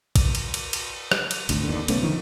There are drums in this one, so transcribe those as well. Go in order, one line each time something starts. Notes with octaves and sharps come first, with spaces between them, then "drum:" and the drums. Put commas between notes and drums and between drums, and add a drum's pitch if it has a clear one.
drum: kick A#1, cymbal
drum: cymbal
drum: cymbal
drum: cymbal
drum: rim click
drum: cymbal
G#1 D2, drum: cymbal
D#2 D3
B1 A3 B3 C#4, drum: cymbal
D3 D#3 F3